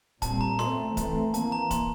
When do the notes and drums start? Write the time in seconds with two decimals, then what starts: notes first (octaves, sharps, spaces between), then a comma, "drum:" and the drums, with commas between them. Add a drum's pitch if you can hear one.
0.22 A#2 G3 C4 A5, drum: kick C#1, hi-hat
0.41 A#5
0.59 A#2 A3 C4 C6, drum: snare
0.97 E3 A3 C4, drum: kick C#1, hi-hat
1.34 E3 A#3 A5, drum: hi-hat
1.52 A#5
1.71 C6, drum: kick C#1, hi-hat